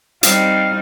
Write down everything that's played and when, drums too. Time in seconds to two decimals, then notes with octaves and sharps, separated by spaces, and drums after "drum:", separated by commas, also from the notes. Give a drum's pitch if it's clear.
0.23 G3 C4 D#4 F5, drum: hi-hat